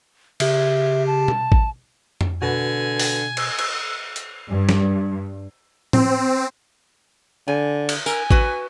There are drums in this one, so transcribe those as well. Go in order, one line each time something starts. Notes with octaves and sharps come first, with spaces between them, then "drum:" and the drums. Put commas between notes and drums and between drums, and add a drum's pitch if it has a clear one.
C#3 G4 E5, drum: cymbal
A5
drum: tom B2
drum: kick A1
drum: tom F2
B2 D3 F#4 B4 G#5
drum: open hi-hat
drum: cymbal
drum: cymbal
drum: hi-hat
G2
drum: snare
C4, drum: tom A2
D3 G#5
drum: cymbal
A#4 G#5, drum: tambourine
F#4 B4, drum: kick A1